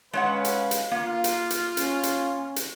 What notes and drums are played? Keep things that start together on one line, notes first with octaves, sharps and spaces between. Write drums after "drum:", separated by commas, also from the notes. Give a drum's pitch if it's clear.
G#3 C#4 B4 C#5 F5 F#5
drum: hi-hat
drum: hi-hat
A#3 F4
drum: hi-hat
drum: hi-hat
C#4, drum: hi-hat
drum: hi-hat
drum: hi-hat